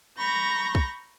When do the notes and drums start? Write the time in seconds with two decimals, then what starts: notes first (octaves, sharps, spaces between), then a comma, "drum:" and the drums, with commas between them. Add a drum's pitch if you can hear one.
0.17 A#5 B5 C#6 G6 A#6
0.75 drum: kick